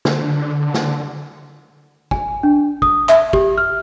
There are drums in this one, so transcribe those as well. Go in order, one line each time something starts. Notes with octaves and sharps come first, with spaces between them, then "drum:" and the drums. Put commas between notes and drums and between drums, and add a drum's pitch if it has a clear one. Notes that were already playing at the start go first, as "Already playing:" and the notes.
D3, drum: snare
drum: snare
G#5, drum: kick
D4
D#6, drum: kick
E5, drum: clap
G4, drum: kick
F6